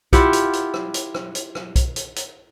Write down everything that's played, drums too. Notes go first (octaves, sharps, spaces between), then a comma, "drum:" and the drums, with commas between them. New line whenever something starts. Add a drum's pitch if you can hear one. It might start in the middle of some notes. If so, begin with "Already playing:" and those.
E4 F4 G4 F#5, drum: kick B1, hi-hat
drum: hi-hat
drum: hi-hat
drum: rim click
drum: hi-hat
drum: rim click
drum: hi-hat
drum: rim click
drum: kick B1, hi-hat
drum: hi-hat
drum: hi-hat